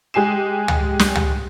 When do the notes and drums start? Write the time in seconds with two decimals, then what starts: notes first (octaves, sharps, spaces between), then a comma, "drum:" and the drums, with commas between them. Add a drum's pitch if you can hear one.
0.14 G#3 G4 G#5 C7 E7
0.68 drum: tom C#2
0.99 drum: snare
1.15 drum: tom C#2